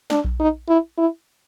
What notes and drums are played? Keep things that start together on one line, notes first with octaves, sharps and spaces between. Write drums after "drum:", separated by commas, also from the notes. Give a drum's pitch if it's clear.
D4, drum: snare
drum: kick A#1
D#4
E4
E4